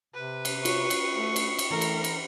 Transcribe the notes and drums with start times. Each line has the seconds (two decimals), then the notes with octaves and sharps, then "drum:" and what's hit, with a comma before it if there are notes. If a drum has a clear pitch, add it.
0.14 C3 B4
0.45 drum: cymbal
0.65 F4 F#4 C#5 C#6, drum: cymbal
0.90 drum: cymbal
1.13 A3
1.36 drum: cymbal
1.59 drum: cymbal
1.70 E3 A3 E4 A4 A#4
1.81 drum: cymbal
2.04 drum: cymbal